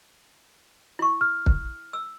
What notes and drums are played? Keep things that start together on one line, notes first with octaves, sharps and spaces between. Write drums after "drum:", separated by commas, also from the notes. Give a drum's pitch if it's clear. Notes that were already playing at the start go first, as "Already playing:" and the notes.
E4 C#6
F6
drum: kick
E6